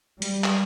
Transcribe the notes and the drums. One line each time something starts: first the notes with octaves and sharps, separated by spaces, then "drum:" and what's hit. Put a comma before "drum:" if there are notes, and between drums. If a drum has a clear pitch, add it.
G3, drum: hi-hat
drum: clap